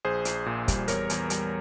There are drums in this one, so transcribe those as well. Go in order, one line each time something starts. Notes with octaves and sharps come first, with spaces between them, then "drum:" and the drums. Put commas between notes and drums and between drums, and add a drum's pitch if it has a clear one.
A#1 G#4 C5
A#1, drum: hi-hat
A#2
G3, drum: kick, hi-hat
E2 A#4 C#5, drum: hi-hat
E2, drum: hi-hat
G3, drum: hi-hat